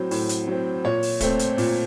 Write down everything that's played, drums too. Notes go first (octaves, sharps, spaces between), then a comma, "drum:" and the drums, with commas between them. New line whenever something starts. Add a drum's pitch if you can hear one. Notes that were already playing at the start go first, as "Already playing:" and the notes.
Already playing: A2 F#3 C4
A2, drum: open hi-hat
drum: hi-hat
F#3 C4
A#2 C#5
drum: open hi-hat
A3 C4, drum: kick, hi-hat
drum: hi-hat
A#2, drum: open hi-hat